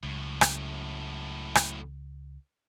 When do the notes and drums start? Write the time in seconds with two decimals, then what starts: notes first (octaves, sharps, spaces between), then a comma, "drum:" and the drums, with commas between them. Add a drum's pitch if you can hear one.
0.03 C#2 F#2 A2
0.41 drum: rim click
1.55 drum: rim click